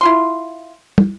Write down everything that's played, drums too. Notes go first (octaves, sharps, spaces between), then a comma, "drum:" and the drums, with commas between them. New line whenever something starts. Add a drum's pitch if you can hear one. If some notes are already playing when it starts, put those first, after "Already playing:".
E4 F4 C6
drum: tom